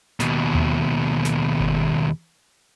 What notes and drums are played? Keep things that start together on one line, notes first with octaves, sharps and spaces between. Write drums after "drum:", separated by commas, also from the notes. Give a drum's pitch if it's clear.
D#2 B2, drum: snare
drum: tom D#2
drum: snare
drum: kick G1